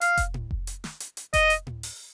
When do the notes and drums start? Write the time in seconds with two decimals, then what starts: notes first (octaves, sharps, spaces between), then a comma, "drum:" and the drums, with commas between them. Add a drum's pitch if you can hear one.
0.01 F5, drum: hi-hat
0.18 drum: kick F1, hi-hat
0.34 drum: tom A2
0.51 drum: kick F1
0.67 drum: hi-hat
0.84 drum: snare
1.00 drum: hi-hat
1.17 drum: hi-hat
1.34 D#5, drum: kick F1, hi-hat
1.50 drum: hi-hat
1.67 drum: tom A2
1.83 drum: open hi-hat